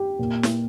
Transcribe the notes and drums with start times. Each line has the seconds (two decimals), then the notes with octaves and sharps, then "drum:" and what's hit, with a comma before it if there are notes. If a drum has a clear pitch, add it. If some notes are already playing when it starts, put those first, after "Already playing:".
Already playing: G4
0.19 A#2 A#3
0.43 drum: snare